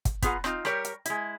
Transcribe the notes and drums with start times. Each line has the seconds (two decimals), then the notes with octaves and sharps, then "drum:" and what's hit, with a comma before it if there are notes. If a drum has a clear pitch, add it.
0.05 drum: kick, hi-hat
0.22 B3 F4 G#4 F#5 A#5, drum: kick, hi-hat
0.44 C4 D#4 F4, drum: rim click
0.65 G3 G4 A#4 C#5, drum: rim click
0.85 drum: hi-hat
1.05 G#3 E4, drum: hi-hat